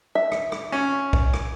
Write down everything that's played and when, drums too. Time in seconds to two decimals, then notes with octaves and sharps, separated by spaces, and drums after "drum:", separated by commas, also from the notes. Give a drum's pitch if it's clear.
0.15 E5
0.32 drum: rim click
0.52 drum: rim click
0.72 C#4
1.13 drum: kick
1.34 drum: rim click